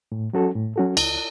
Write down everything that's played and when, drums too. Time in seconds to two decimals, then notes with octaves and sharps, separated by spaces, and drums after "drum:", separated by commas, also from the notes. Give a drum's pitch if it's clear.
0.12 A2
0.33 F#3 C#4 F#4 A4
0.55 A2
0.76 F#3 C#4 F#4 A4
0.97 C#2, drum: cymbal